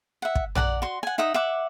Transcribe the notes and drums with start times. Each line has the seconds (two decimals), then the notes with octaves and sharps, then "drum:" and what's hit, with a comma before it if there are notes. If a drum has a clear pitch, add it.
0.22 E5 F#5
0.36 drum: kick
0.55 D5 F#5 A5 A#5, drum: tom
0.82 F#4 C6
1.03 F#5 G#5
1.18 D#4 E5 F#5 D#6
1.34 E5 F#5 D6